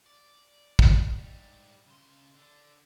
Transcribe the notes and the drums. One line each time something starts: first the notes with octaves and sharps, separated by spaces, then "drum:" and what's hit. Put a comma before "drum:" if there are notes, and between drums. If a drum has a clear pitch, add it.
D5
drum: kick
G#2 G3
C#3 C6
D3